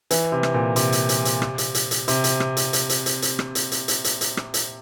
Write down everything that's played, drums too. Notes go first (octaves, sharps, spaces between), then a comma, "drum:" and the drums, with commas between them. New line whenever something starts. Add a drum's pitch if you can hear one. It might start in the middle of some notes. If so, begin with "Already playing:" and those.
E3, drum: hi-hat
C3
drum: rim click
A#2
C3, drum: hi-hat
drum: hi-hat
drum: hi-hat
drum: hi-hat
drum: rim click
drum: hi-hat
drum: hi-hat
drum: hi-hat
C3, drum: hi-hat
drum: hi-hat
drum: rim click
drum: hi-hat
drum: hi-hat
drum: hi-hat
drum: hi-hat
drum: hi-hat
drum: rim click
drum: hi-hat
drum: hi-hat
drum: hi-hat
drum: hi-hat
drum: hi-hat
drum: rim click
drum: hi-hat